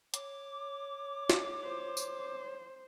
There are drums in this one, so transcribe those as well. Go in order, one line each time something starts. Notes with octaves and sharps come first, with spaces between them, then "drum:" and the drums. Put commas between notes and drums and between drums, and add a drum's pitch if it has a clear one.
C#5 D6, drum: hi-hat
drum: snare
C5
drum: tambourine